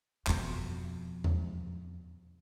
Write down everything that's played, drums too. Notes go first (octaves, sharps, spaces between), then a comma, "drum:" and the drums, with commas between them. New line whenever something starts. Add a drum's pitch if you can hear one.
F2 B2, drum: clap
drum: tom E2